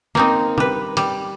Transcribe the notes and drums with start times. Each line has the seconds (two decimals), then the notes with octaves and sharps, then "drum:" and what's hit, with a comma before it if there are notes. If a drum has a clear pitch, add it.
0.15 A#3 C4 D#4, drum: snare
0.58 G3 B4, drum: tom
0.97 G3, drum: hi-hat